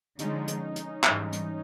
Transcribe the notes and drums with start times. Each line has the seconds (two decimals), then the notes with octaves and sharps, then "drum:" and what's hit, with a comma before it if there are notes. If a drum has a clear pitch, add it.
0.19 D3 F3 G#3 C#4 D#4, drum: hi-hat
0.48 drum: hi-hat
0.76 drum: hi-hat
1.04 G#2 E3 G3, drum: clap
1.33 drum: hi-hat